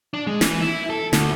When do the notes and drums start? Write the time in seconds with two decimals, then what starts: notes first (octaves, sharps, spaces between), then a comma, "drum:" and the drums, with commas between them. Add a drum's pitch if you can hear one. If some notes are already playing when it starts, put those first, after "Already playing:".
0.13 D4
0.27 G#3
0.41 E3, drum: snare
0.61 E4
0.90 A4
1.13 D2, drum: snare